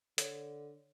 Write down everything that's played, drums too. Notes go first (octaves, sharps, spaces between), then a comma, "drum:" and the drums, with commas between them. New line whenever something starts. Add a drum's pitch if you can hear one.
D3 C#5, drum: hi-hat